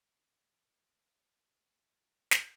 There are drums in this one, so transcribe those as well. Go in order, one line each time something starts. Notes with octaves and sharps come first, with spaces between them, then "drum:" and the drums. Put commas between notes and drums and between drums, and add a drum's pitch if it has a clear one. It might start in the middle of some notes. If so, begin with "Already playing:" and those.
Already playing: C4
F#3
A3
F#3
F#3 C5
F#3
C5
F2
F5
D#3 D#5
drum: snare